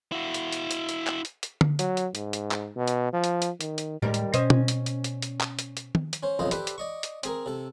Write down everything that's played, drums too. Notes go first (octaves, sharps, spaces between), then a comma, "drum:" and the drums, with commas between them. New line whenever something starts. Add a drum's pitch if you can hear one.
E4 F#4
drum: hi-hat
drum: hi-hat
drum: hi-hat
drum: hi-hat
drum: clap
drum: hi-hat
drum: hi-hat
drum: tom D3
F#3, drum: hi-hat
drum: hi-hat
G#2, drum: hi-hat
drum: hi-hat
drum: clap
B2
drum: hi-hat
F3
drum: hi-hat
drum: hi-hat
D#3, drum: hi-hat
drum: hi-hat
D#2 A2 G3 G#3 A#4
drum: hi-hat
B2 C#4 C5 D#5, drum: hi-hat
drum: tom
drum: hi-hat
drum: hi-hat
drum: hi-hat
drum: hi-hat
drum: clap
drum: hi-hat
drum: hi-hat
drum: tom
drum: hi-hat
C#4 C5
B1 F2 C#3 F4 C5 D#5
G4 A4 B4 C5 D5 E5, drum: hi-hat
drum: hi-hat
D5 D#5 C#6
drum: hi-hat
C4 G#4 A#4, drum: hi-hat
C3 A4